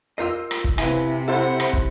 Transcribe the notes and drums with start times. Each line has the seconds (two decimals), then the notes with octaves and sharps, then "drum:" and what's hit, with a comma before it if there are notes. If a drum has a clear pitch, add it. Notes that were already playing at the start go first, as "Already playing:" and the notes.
0.18 F4 A#4 D#5 E6 G6 C7
0.51 drum: rim click
0.64 drum: kick
0.78 C3 E4 B4 F5 G#5, drum: rim click
1.28 E4 A4 C5 F#5 B5
1.60 drum: rim click
1.73 drum: kick